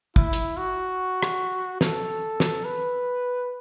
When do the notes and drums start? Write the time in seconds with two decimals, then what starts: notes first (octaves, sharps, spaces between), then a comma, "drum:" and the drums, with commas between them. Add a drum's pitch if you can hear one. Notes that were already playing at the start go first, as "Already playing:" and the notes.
0.16 E4, drum: kick
0.33 drum: hi-hat
0.57 F#4
1.23 drum: rim click
1.81 A4, drum: snare
2.40 drum: snare
2.65 B4